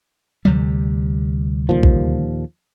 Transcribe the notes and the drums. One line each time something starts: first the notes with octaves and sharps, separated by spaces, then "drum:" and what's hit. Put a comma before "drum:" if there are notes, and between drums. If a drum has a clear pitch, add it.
D2 C3 G3, drum: tom F3
D#2 A#2 F3
drum: kick